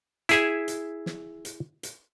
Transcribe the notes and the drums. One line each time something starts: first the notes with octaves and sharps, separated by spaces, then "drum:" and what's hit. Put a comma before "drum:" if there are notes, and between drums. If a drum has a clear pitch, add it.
E4 G#4 E5, drum: hi-hat
drum: hi-hat
drum: snare
drum: hi-hat
drum: hi-hat